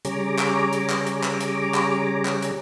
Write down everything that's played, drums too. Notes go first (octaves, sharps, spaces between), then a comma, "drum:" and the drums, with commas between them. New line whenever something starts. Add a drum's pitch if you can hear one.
C#3 G3 G#4 C#5 A#5 D6, drum: hi-hat
drum: clap
drum: hi-hat
drum: clap
drum: hi-hat
drum: clap
drum: hi-hat
drum: clap
drum: clap
drum: hi-hat